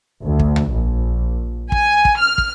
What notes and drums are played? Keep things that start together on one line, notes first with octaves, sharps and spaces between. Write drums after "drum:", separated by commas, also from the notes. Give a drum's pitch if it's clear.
D2
drum: kick
drum: tom C#2
A#1
G#5, drum: kick
drum: kick
F6
drum: kick